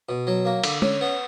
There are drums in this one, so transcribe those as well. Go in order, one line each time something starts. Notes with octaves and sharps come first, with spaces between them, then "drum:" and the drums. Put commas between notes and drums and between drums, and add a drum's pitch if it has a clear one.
B2
F#3
A#3
D3, drum: cymbal
C#4, drum: tom
B3